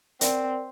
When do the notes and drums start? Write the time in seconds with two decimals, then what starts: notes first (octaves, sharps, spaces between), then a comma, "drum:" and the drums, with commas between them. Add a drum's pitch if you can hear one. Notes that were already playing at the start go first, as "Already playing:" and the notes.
0.21 C4 A#4 D5 F#5, drum: hi-hat